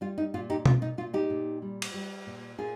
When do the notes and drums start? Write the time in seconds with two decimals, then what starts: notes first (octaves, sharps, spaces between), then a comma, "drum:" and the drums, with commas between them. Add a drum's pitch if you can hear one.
0.01 G3 F4
0.18 D#4
0.34 A#2 F4
0.50 D#4 G4
0.66 A#2 F4, drum: tom B2
0.82 D#4
0.98 A#2 F4
1.14 D#4 G4
1.30 A#2
1.62 G3
1.82 drum: cymbal
1.94 G3
2.27 A#2
2.58 A#2 F4 G#4